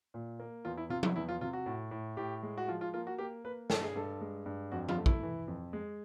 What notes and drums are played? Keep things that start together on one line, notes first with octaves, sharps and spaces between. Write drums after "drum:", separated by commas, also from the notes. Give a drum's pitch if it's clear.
A#2
A#3
E2 F4
E4
C3 F4
E4, drum: tom F3
E2 E4
F4
C3 F4
F#4
A2
A2
A2 G4
G#3
F#4
F3 F4
F4
A#3 F4
F#4
A#3 G4
A#3 B4
G2 A4, drum: snare
G#4
G2 A4
G#3
G2
F2 F#4
F4, drum: tom F3
A3
E4, drum: kick A#1
E3
F2
G#3